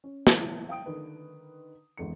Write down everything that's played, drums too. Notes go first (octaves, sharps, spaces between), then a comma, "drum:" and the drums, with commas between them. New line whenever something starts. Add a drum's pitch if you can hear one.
C#4
E3 B3 E4, drum: snare
F5 G5 D#6 D7
D3 D#3 B4
G#1 E2 D3 C#7